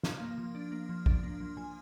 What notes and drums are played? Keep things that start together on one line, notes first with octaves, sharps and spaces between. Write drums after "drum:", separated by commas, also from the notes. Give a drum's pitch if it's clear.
F3 F5, drum: snare
A#3
F3
D4
A#3
F3
D4, drum: kick
A#3
F3
F3 G#5